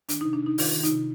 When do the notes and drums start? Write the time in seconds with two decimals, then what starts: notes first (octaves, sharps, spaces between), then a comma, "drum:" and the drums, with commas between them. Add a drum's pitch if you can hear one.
0.09 D#3 D4, drum: hi-hat
0.21 C3 D#4
0.33 D4
0.43 C3 D#4
0.58 D#3 F4, drum: open hi-hat
0.74 D#3
0.83 D#4, drum: hi-hat
0.91 C3